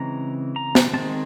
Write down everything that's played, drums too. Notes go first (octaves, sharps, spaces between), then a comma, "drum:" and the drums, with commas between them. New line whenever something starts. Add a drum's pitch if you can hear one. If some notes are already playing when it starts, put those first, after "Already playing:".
Already playing: C#3 E3 G#3 C4 A#5
A#5
drum: snare
D#3 G#3 C4 A5